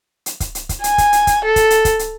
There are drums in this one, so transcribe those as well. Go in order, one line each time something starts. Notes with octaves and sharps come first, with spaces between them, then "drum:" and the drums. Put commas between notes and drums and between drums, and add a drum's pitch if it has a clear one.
drum: hi-hat
drum: kick, hi-hat
drum: hi-hat
drum: kick, hi-hat
G#5, drum: hi-hat
drum: kick, hi-hat
drum: hi-hat
drum: kick, hi-hat
A4
drum: kick, hi-hat
drum: hi-hat
drum: kick, hi-hat
drum: hi-hat